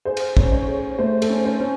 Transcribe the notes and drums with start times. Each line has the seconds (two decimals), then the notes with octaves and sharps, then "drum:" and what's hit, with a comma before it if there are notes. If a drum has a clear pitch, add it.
0.05 G#4 C5
0.17 drum: cymbal
0.37 C#4, drum: kick
0.52 C#5
0.67 G#4
0.99 A3 C5
1.22 A4, drum: cymbal
1.29 C#4
1.45 C5
1.60 C#4